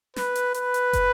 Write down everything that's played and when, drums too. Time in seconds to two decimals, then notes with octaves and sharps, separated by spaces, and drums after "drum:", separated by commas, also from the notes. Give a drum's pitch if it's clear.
0.16 B4, drum: snare
0.35 drum: hi-hat
0.54 B4, drum: hi-hat
0.74 drum: hi-hat
0.93 drum: kick, hi-hat